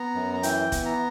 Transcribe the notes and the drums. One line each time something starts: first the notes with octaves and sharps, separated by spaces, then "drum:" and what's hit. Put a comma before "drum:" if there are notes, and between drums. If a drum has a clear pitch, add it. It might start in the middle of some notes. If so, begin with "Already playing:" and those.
Already playing: B3 A#5
F#2
A#5
E3 G5, drum: hi-hat
B3, drum: kick F1, hi-hat
A#5